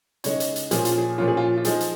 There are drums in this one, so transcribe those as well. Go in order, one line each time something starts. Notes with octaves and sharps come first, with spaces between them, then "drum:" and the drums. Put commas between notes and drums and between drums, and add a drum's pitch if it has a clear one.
C#3 G#3 D#4 C#5, drum: hi-hat
drum: hi-hat
drum: hi-hat
A#2 F3 C#4 F4 G#4, drum: hi-hat
F4, drum: hi-hat
G#4
A#2 F3 C#4 F4
G#4
F4
F4
F3 G#3 D#4 G#4, drum: hi-hat
drum: hi-hat